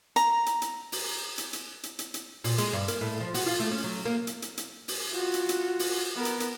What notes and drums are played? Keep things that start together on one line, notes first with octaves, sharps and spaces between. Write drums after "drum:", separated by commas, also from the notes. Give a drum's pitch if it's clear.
A#5, drum: hi-hat
drum: hi-hat
drum: hi-hat
drum: open hi-hat
drum: hi-hat
drum: hi-hat
drum: hi-hat
drum: hi-hat
drum: hi-hat
A#2, drum: open hi-hat
G#3, drum: hi-hat
G2
A#3, drum: hi-hat
A2
F3
F#4, drum: open hi-hat
F4
A3
C#4
F#3
A#3
drum: hi-hat
drum: hi-hat
drum: hi-hat
drum: open hi-hat
F4 F#4
drum: hi-hat
drum: hi-hat
drum: open hi-hat
B3 A#4
drum: hi-hat
drum: hi-hat